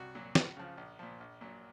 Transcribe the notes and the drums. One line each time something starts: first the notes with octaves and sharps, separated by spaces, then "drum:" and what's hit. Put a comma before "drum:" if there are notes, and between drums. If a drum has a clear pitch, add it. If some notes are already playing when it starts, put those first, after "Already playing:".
Already playing: C2 F#4
A#2 F#3
C#2, drum: snare
C#3 F3
A#1
A#2 F3
A#1
A#2 F#3